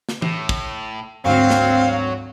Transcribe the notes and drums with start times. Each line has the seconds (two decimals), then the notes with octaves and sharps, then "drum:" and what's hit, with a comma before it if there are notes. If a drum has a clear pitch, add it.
0.09 drum: snare
0.22 A2, drum: tom E3
0.49 drum: kick
1.25 G#1 D2 F#3 C4 F5
1.50 drum: snare